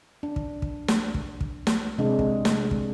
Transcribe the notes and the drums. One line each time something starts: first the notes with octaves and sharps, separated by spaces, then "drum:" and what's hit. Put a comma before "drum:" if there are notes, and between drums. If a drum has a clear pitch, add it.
D4
drum: kick
drum: kick
drum: snare
drum: kick
drum: kick
drum: snare
C3 G#3 D4
drum: kick
drum: snare
drum: kick